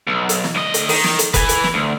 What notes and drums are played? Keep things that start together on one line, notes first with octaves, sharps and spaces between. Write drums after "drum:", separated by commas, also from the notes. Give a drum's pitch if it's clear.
B1
drum: hi-hat
drum: snare
D2 D#5
drum: hi-hat
D#3, drum: open hi-hat
drum: snare
drum: hi-hat
B4 G#5, drum: kick F#1, hi-hat
drum: hi-hat
drum: snare
D2